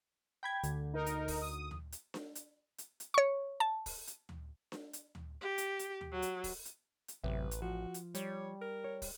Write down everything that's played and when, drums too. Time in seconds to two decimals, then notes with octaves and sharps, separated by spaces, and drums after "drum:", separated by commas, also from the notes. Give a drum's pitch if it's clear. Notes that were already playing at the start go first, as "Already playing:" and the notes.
0.43 G5 B5 G#6
0.63 D2, drum: hi-hat
0.93 D#4 A#4
1.06 drum: hi-hat
1.28 drum: kick, open hi-hat
1.42 D#6
1.71 drum: tom D2
1.92 drum: hi-hat
2.14 drum: snare D4
2.35 drum: hi-hat
2.78 drum: hi-hat
3.00 drum: hi-hat
3.14 C#5 C#6
3.60 A5
3.86 drum: kick, open hi-hat
4.07 drum: hi-hat
4.29 drum: tom D2
4.72 drum: snare D4
4.93 drum: hi-hat
5.15 drum: tom D2
5.41 G4
5.58 drum: hi-hat
5.79 drum: hi-hat
6.01 drum: tom D2
6.12 F#3
6.22 drum: hi-hat
6.44 drum: kick, open hi-hat
6.65 drum: hi-hat
7.08 drum: hi-hat
7.24 A1 F#2 C3 B4 E5
7.51 drum: hi-hat
7.62 F3 F#4
7.94 drum: hi-hat
8.15 G3 C#5, drum: hi-hat
8.62 A#4
8.84 C#5
9.02 drum: kick, open hi-hat